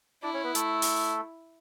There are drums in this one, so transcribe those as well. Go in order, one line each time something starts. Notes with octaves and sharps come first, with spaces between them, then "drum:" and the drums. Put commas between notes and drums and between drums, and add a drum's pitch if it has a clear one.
D4 E4 D5
C#4 C#5
B3 B4
A3 A4, drum: hi-hat
drum: open hi-hat